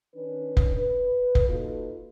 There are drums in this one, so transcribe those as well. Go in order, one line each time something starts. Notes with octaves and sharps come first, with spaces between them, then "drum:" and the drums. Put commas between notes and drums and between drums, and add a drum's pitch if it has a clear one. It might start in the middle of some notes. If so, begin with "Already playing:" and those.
D#3 C#4 D4 B4
drum: kick F1
B4
drum: kick F1
A#3 D#4 F4 F#4 A4 B4